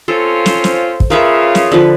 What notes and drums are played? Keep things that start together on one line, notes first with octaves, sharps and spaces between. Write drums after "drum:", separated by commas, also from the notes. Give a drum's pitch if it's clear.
C4 C#4 F4 A4
C5, drum: snare
drum: snare
drum: kick
C#3 F4 A#4 B4 E5
drum: snare
D3 F3 B4